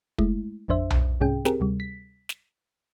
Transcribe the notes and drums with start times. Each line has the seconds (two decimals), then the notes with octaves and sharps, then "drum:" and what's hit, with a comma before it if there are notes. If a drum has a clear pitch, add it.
0.18 G#3 A3 E4, drum: kick
0.68 A1 F2 D4 C5 E5
0.90 drum: tom B1
1.20 C2 G#2 C3 C#4 G#4 G5
1.45 C4 G4 G#4 A#4, drum: snare
1.60 D2 C3 G3
1.80 B6
2.29 drum: snare